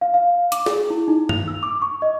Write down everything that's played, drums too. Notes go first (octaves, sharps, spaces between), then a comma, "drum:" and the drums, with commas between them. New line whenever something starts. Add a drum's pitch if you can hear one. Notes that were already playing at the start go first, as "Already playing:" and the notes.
F5
F5
D6, drum: hi-hat
G#4, drum: snare
E4
D#4
F7, drum: tom G2
E6
D6
C#6
D#5